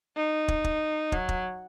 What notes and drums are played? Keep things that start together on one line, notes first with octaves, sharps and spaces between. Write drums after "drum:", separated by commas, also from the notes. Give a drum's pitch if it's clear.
D#4
drum: kick
drum: kick
F#3, drum: kick
drum: kick